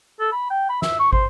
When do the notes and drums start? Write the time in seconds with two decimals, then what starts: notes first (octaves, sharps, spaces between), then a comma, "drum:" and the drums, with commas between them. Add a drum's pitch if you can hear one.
0.20 A4
0.32 B5
0.51 G5
0.69 B5
0.82 E5, drum: snare
0.99 C#6
1.13 C5, drum: kick